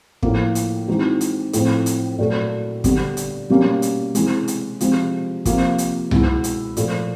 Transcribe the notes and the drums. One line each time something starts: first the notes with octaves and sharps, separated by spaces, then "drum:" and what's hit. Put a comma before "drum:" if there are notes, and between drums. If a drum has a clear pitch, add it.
A2 F3 A#3, drum: kick
drum: hi-hat
E3 G#3 C4 D#4 F#4
drum: hi-hat
A2 F3 A3 C4, drum: hi-hat
drum: hi-hat
A#2 F#3 A3
D3 G3 B3, drum: kick, hi-hat
drum: hi-hat
B2 G3 A#3 C#4
drum: hi-hat
C3 E3 G#3, drum: hi-hat
drum: hi-hat
C3 F3 G#3, drum: hi-hat
C3 F3 A#3, drum: kick, hi-hat
drum: hi-hat
B2 G#3 B3 E4, drum: tom C2
drum: hi-hat
A#2 F3 A3, drum: hi-hat